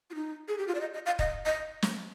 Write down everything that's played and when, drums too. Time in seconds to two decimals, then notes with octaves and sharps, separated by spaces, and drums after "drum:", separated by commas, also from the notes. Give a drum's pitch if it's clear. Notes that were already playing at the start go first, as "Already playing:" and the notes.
0.10 F4
0.15 D#4
0.49 G#4
0.58 G4
0.68 F4
0.75 D5
0.81 D#5
0.94 D#5
1.06 F5
1.19 D#5, drum: kick
1.46 D#5
1.82 drum: snare